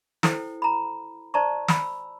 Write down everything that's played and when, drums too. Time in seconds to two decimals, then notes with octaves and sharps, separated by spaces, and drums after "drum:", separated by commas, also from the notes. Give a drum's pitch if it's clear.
0.23 E4 A4 C5 G5, drum: snare
0.62 A#5 B5
1.34 C5 D5 A5 A#5 C#6
1.68 B5 E6, drum: snare